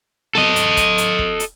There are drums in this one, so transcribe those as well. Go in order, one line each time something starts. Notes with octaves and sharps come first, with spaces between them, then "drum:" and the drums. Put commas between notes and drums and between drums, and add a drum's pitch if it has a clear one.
A4 D#5, drum: snare B3
drum: hi-hat
drum: kick, hi-hat
drum: hi-hat
drum: kick
drum: hi-hat